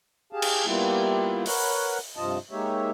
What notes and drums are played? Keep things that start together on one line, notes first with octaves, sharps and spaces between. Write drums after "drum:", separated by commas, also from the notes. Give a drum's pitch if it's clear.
G4 G#4 F5 A5
drum: cymbal
G3 A#3 B3 E4 F4 G4
A#4 B4 C#5 F#5, drum: open hi-hat
G2 C3 F3 F4 D#5 A5
G#3 A#3 D#4 G4 C#5 E5